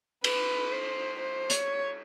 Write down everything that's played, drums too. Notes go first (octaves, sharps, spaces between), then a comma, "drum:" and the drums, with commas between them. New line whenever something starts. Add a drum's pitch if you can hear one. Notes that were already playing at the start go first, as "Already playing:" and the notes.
B4, drum: cymbal
C5
C5
C#5, drum: hi-hat